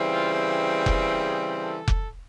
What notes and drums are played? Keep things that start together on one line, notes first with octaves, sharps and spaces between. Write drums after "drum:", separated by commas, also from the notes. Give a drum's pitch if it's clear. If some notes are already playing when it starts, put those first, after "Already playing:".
Already playing: C#3 E3 G3 C4
F4
E4, drum: kick F1
G#4
A4
drum: kick F1